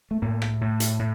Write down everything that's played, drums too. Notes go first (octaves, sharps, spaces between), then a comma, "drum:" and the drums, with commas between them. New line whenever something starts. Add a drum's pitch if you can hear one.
A3
A2 A#3
drum: rim click
A2
drum: hi-hat
A2